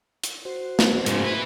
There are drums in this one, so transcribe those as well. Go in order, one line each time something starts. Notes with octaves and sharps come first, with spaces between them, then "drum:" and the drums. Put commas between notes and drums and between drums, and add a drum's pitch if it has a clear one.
drum: hi-hat
F#4 C5
drum: snare
G#2 C#3, drum: hi-hat
E4 B4